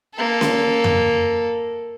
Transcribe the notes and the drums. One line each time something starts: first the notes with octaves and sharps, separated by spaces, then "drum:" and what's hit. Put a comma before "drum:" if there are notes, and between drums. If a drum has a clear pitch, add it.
A#3 A4
drum: snare C#4
drum: tom F2